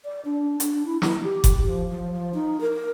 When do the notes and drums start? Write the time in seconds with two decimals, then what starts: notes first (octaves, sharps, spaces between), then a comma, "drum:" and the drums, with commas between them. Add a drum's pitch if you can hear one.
0.04 D5
0.25 D4
0.60 D4, drum: hi-hat
0.85 E4
1.02 E4, drum: snare
1.23 G4
1.44 drum: kick F#1, hi-hat
1.65 F3
1.91 F3
2.13 F3
2.34 D#4
2.61 A#4